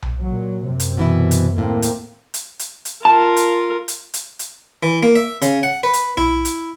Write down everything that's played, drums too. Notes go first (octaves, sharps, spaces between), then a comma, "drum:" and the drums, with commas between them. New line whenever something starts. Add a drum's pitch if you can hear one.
drum: tom B1
A#2 F#3
F#2 C3
drum: hi-hat
B2 E3 E4
drum: hi-hat
D#2 A2 A#3 C4
drum: hi-hat
drum: hi-hat
drum: hi-hat
drum: hi-hat
F4 A#4 A5
drum: hi-hat
drum: hi-hat
drum: hi-hat
drum: hi-hat
E3
A#3
E5
C#3, drum: hi-hat
F#5
B4
drum: hi-hat
E4, drum: tom B1
drum: hi-hat